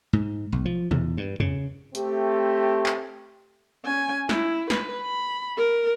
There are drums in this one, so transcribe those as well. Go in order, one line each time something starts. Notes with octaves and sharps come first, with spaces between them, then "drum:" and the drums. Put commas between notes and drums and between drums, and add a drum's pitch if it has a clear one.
G#2
B1
F3
E2, drum: tom A#2
G2
C#3, drum: tom E2
A3 C4 G4, drum: hi-hat
drum: clap
C#4 G#5
E4, drum: snare
B4, drum: snare
B5
A#4